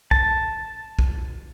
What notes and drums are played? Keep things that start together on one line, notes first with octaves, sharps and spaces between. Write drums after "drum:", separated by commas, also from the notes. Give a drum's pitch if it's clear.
A5, drum: kick
drum: kick